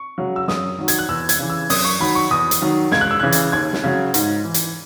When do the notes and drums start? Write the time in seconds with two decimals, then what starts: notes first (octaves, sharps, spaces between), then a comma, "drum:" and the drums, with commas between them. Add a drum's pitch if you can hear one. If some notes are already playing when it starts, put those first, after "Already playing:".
Already playing: C#6
0.18 C#3 F#3
0.36 E6
0.48 F#2 D#6, drum: snare
0.78 D#3 F#3
0.88 G#6, drum: hi-hat
0.99 F#6
1.09 E2 E6
1.29 G#6, drum: hi-hat
1.39 C#3 E3
1.50 E6
1.70 F#2 D#6, drum: open hi-hat
1.84 C#6
2.00 D#3 F#3 B5
2.15 C#6
2.31 E2 D#6
2.51 drum: hi-hat
2.62 D#3 F#3
2.91 C#2 G#6, drum: snare
3.01 F#6
3.11 E6
3.20 C#3 E3 F#6
3.32 drum: hi-hat
3.52 D#2 G#6
3.73 drum: snare
3.83 C#3 F#3
4.14 G#2, drum: hi-hat
4.44 E3
4.54 drum: hi-hat